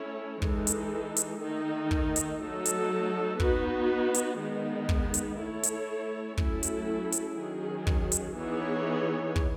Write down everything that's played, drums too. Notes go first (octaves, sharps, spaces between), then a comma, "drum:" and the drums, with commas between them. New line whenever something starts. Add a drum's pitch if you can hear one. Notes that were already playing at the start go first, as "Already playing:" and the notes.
Already playing: A3 C#4 E4 A4 C#5
E3 G#3 D#4 A4, drum: kick
drum: hi-hat
drum: hi-hat
D#3 A3 D#4
drum: kick
drum: hi-hat
F#3 A3 D#4 A4
drum: hi-hat
B3 D#4 F#4 B4, drum: kick
drum: hi-hat
D#3 G#3 B3 D#4
drum: kick
drum: hi-hat
A3 E4 A4 C#5
drum: hi-hat
F#3 A3 C#4 E4 A4, drum: kick
drum: hi-hat
drum: hi-hat
D#3 F#3 C#4 G#4
drum: kick
drum: hi-hat
E3 B3 D#4 G#4 C#5
drum: kick